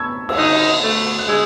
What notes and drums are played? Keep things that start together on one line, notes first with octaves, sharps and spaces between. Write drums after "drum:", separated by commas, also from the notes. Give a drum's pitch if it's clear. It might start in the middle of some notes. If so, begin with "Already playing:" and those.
Already playing: A5 B5 C#6 E6 G#6
E6, drum: cymbal
D#4 D#6 F#6
A3
F#6
G#3 E6 G#6